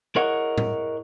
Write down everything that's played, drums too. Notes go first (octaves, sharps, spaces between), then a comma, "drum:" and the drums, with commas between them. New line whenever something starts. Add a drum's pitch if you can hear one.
E4 G#4 A#4 C#5 D#5 F#5
drum: tom A2